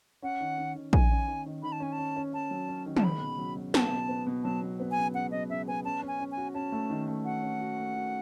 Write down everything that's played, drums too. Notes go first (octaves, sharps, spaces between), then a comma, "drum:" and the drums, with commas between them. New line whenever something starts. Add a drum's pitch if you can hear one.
C#4 F#5
D#3
D#3
D#3
D#3 G#5, drum: kick A#1
C#4
D#3
D#3
D#3 B5
A5
C#4 G#5
A5
C#4
C#4
C#4 A5
F#3
C#4
D#3
A5, drum: tom
C#2 B5
B2
F#3
F#3
B3 A5, drum: snare
B2
B3
B2
F#3 A5
B2
B3
G#5
C#2
C#2 F#5
F#3 D#5
C#2 E5
B3 G#5
C#4 A5
C#4
G#5
C#4
G#5
F#4
C#4 A5
A3
D#3
A3
F#4 F#5
C#4
F#4
A3
F#4